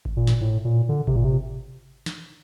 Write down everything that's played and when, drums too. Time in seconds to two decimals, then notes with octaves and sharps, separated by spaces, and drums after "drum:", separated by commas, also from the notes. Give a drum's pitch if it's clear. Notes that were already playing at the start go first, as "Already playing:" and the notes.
0.05 drum: kick G#1
0.17 A#2
0.27 drum: snare
0.41 A2
0.65 A#2
0.89 D3
1.07 C3, drum: kick G#1
1.16 A#2
1.24 C3
2.06 drum: snare